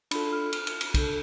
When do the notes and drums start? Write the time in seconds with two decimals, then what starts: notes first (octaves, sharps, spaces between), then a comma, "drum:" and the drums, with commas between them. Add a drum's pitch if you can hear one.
0.11 D4 F4 A4 B5, drum: cymbal
0.33 F6
0.53 F6, drum: cymbal
0.67 drum: cymbal
0.81 drum: cymbal
0.94 D4 A4 G6, drum: kick, cymbal